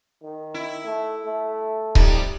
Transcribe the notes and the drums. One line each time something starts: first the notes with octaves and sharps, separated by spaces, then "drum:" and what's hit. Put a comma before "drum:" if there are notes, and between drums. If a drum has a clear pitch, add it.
D#3
E4
A3
A3
F2 G3 D#4, drum: kick C#1